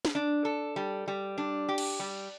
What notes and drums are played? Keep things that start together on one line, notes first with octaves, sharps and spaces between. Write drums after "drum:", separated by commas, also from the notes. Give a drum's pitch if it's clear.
drum: snare
D4
A4
G3
G3
D4
G4
drum: cymbal
G3